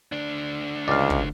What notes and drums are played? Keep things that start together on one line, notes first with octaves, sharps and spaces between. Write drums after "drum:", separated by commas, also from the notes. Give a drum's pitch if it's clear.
D2 D4
C#2 D5 F5
drum: kick